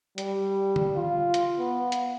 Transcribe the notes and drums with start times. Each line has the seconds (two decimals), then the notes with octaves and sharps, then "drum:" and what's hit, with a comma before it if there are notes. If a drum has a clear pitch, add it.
0.18 G3, drum: hi-hat
0.76 drum: tom D3
0.96 F4
1.34 drum: hi-hat
1.60 B3
1.92 drum: hi-hat